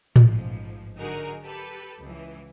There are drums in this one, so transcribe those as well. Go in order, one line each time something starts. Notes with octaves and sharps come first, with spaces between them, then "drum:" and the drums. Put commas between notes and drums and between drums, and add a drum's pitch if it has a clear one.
A1 G#2 F3, drum: tom A2
D3 F#3 D#4 F#4 G#4 A#4
G4 A4 B4
C#2 E3